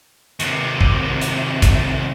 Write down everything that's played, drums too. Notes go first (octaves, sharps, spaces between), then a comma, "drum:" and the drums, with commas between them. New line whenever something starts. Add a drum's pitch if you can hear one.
D#2 C3, drum: hi-hat
drum: kick
drum: hi-hat
drum: kick, hi-hat